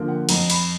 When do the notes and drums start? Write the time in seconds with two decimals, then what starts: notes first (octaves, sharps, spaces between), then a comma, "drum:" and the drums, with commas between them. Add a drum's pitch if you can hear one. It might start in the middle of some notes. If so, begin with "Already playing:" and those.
Already playing: D3 F3 A#3
0.08 F#5
0.29 F2 A#5, drum: cymbal
0.50 B5, drum: cymbal